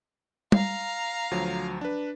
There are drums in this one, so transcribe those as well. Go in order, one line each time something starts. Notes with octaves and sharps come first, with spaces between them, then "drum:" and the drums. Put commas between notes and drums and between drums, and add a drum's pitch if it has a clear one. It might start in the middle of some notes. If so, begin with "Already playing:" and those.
F5 A#5, drum: tom G3
D2 F3 F#3
D4 B4